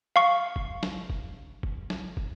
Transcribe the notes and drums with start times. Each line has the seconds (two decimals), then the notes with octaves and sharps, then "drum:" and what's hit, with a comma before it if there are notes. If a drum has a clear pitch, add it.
0.16 F5 C#6
0.56 drum: kick
0.83 drum: snare
1.10 drum: kick
1.63 drum: kick
1.90 drum: snare
2.17 drum: kick